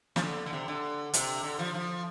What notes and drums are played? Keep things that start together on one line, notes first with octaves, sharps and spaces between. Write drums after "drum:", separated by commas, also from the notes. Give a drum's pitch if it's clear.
F3, drum: snare
D3
D3
C3
D3
C3, drum: hi-hat
D3
F3
F3